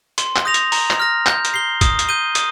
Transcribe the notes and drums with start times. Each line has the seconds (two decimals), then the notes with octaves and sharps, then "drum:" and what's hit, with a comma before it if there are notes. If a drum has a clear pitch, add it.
0.18 C6, drum: hi-hat
0.36 drum: clap
0.45 D#6 G6 A#6 F7
0.54 drum: hi-hat
0.72 A#5, drum: open hi-hat
0.90 drum: clap
1.00 F6 A#6
1.26 G6, drum: clap
1.45 drum: hi-hat
1.54 C7 G7
1.81 D#6, drum: kick, hi-hat
1.99 drum: hi-hat
2.09 G6 D#7 G7
2.35 D#6, drum: hi-hat